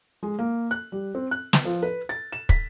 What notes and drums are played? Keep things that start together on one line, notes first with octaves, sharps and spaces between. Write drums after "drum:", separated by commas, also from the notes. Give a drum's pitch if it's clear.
G#3
A#3
F#6
G3
C4
F#6
drum: snare
F3
B4
A6
E7
B6, drum: kick